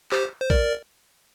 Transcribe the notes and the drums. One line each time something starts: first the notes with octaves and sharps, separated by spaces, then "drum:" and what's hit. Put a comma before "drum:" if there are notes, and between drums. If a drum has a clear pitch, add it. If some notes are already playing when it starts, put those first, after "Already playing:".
G4 C5, drum: clap
C5
A#4 D5, drum: kick A#1